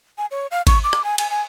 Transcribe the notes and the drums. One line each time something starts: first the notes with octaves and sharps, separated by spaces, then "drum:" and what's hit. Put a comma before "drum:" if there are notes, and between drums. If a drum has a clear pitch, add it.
G#5
C#5
F5
C#6, drum: kick G#1, cymbal
D6
drum: rim click
G#5
G#5, drum: cymbal
G#5